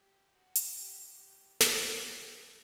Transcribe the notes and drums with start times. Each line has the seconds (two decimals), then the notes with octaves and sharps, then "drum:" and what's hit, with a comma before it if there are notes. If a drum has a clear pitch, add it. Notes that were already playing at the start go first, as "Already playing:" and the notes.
Already playing: G4
0.35 F#4
0.55 drum: hi-hat
0.77 G4
1.18 G4
1.61 F#4, drum: snare
2.03 G4